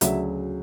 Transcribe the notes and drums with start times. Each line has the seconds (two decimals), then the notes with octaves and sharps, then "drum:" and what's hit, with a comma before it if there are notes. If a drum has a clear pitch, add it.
0.01 D2 C#3 F#3 E5, drum: hi-hat